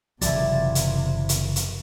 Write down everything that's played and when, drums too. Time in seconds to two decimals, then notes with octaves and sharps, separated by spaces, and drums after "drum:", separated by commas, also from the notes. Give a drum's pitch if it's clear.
0.21 F#1 C3 E3 F3 E4 D5, drum: hi-hat
0.75 drum: hi-hat
1.29 drum: hi-hat
1.56 drum: hi-hat